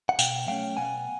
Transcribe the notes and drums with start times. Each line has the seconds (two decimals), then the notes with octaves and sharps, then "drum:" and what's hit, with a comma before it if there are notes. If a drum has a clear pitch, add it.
0.09 F#5
0.19 B2 F5 G5, drum: tambourine
0.47 F#3 A3 C#4 F5 G5
0.77 B2 F#5 G#5